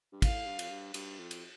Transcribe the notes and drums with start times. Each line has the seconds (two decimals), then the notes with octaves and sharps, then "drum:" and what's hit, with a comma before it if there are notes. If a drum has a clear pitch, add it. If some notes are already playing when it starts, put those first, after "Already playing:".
0.12 G2
0.22 A2 F5, drum: kick, cymbal
0.46 G2
0.59 F2, drum: cymbal
0.70 G2
0.94 G2, drum: cymbal
1.19 F2
1.31 drum: cymbal